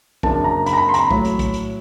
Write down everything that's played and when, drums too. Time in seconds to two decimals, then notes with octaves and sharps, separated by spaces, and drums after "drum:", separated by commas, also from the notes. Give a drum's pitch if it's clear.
0.23 F#2 C#3 F3 A#3 D4 A5, drum: kick
0.44 A#5
0.66 B5, drum: hi-hat
0.73 A#5
0.78 B5
0.89 C6
0.94 A#5, drum: hi-hat
0.99 B5
1.11 A2 F#3 A3, drum: kick
1.25 drum: hi-hat
1.39 drum: kick, hi-hat
1.54 drum: hi-hat